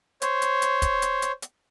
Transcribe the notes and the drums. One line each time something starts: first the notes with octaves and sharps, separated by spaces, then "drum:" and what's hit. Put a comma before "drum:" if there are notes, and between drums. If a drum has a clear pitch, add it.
C5 C#5, drum: hi-hat
drum: hi-hat
drum: hi-hat
drum: kick, hi-hat
drum: hi-hat
drum: hi-hat
drum: hi-hat